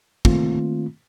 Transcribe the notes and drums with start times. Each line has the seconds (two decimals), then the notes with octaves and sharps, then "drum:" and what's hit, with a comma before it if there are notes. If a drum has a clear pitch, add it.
0.25 D#3 A3 A#3 C4 F4, drum: kick